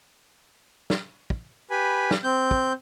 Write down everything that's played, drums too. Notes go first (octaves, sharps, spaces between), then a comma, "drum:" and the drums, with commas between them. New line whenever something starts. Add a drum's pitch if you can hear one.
drum: snare
drum: kick
G4 B4 G#5 B5
drum: snare
C4 G6
drum: kick